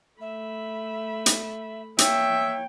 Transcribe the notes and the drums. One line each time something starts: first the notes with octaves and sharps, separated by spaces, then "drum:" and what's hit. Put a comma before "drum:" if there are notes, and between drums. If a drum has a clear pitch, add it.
A3 E5 B5
drum: hi-hat
A#3 C#5 E5 G5, drum: hi-hat